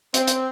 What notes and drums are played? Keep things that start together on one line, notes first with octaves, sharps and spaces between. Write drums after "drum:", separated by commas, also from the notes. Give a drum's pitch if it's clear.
C4, drum: hi-hat
drum: hi-hat